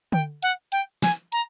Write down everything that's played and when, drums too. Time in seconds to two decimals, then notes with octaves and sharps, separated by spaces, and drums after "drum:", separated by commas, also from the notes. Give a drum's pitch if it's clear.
0.12 G5, drum: tom D3
0.43 F#5, drum: hi-hat
0.72 G5, drum: hi-hat
1.02 G#5, drum: snare
1.32 A#5, drum: hi-hat